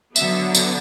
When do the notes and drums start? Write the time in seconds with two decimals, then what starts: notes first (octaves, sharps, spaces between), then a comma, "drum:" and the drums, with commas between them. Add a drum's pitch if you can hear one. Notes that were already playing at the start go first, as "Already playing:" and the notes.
0.16 D3 F#3 B3 E5, drum: tambourine
0.55 drum: tambourine